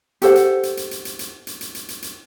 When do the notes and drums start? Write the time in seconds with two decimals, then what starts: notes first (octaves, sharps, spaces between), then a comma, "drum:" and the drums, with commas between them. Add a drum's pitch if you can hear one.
0.22 G4 A4 C5 F#5, drum: hi-hat
0.36 drum: hi-hat
0.63 drum: hi-hat
0.77 drum: hi-hat
0.91 drum: hi-hat
1.05 drum: hi-hat
1.19 drum: hi-hat
1.47 drum: hi-hat
1.61 drum: hi-hat
1.75 drum: hi-hat
1.89 drum: hi-hat
2.02 drum: hi-hat